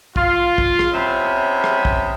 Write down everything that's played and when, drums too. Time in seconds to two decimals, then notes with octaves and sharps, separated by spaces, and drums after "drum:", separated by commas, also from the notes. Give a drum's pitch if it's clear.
0.16 F4, drum: kick
0.58 drum: kick
0.79 drum: rim click
0.93 C3 B3 C#4 E4 D#5 B5
1.64 drum: rim click
1.85 drum: kick